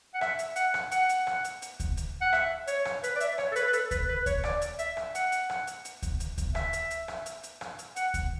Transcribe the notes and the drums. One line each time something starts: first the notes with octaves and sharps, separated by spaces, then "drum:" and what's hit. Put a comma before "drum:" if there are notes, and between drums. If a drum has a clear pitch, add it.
F#5
E5, drum: rim click
drum: hi-hat
F#5, drum: hi-hat
drum: rim click
F#5, drum: hi-hat
drum: hi-hat
drum: rim click
drum: hi-hat
drum: hi-hat
drum: kick D2, hi-hat
drum: hi-hat
F#5
E5, drum: rim click
C#5, drum: hi-hat
drum: rim click
B4, drum: hi-hat
D5
E5, drum: hi-hat
C#5, drum: rim click
A4
B4, drum: hi-hat
B4
A4, drum: hi-hat
B4, drum: kick D2, hi-hat
B4
C#5, drum: kick D2, hi-hat
D5, drum: rim click
drum: hi-hat
E5, drum: hi-hat
drum: rim click
F#5, drum: hi-hat
drum: hi-hat
drum: rim click
drum: hi-hat
drum: hi-hat
drum: kick D2, hi-hat
drum: hi-hat
drum: kick D2, hi-hat
E5, drum: rim click
drum: hi-hat
drum: hi-hat
drum: rim click
drum: hi-hat
drum: hi-hat
drum: rim click
drum: hi-hat
F#5, drum: hi-hat
drum: kick D2, hi-hat